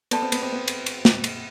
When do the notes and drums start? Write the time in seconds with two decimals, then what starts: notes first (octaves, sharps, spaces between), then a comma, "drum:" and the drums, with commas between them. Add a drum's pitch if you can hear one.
0.11 B3 A4 D5 A5 C6, drum: cymbal
0.22 C4
0.32 B3, drum: cymbal
0.42 C4
0.52 B3
0.68 drum: cymbal
0.86 drum: cymbal
1.05 drum: snare
1.24 drum: cymbal